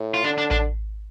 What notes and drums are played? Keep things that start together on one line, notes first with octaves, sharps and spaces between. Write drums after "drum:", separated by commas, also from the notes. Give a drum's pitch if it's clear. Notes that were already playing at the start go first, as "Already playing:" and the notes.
Already playing: A2
F4
D3 D4
D4
D4, drum: kick A1